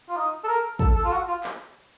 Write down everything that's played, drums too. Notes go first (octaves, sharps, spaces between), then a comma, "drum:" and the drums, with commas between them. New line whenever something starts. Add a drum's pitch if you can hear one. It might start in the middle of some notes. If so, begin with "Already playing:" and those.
F4
D#4
A4
A#4
A4, drum: kick
A4
F4
F#4
F4
drum: clap